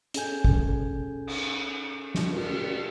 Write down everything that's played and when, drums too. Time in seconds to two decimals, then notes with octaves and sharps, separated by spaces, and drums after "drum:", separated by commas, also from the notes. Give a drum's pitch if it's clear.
0.14 C#4 G#4 A4 G#5 G6, drum: hi-hat
0.44 drum: kick
1.27 drum: cymbal
2.15 drum: snare
2.31 drum: cymbal